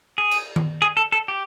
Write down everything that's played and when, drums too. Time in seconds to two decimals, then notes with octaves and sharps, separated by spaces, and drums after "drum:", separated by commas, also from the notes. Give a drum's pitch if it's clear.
0.18 G#4
0.31 drum: cymbal
0.56 drum: tom D#3
0.82 G#4
0.97 A4
1.12 A4
1.28 G4